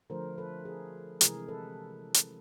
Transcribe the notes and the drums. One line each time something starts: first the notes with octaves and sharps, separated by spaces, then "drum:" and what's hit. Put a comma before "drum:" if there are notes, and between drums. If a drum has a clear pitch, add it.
D3 F3 A3 A#4 C5
A4 B4
G#4 A#4
C3 E3 G#3 G#4 A#4, drum: hi-hat
A4 B4
drum: hi-hat